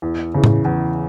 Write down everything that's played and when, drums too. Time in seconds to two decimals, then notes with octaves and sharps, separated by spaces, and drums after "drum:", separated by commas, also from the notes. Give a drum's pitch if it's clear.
0.02 E2
0.34 C#3 E3
0.44 drum: tom A2
0.65 E2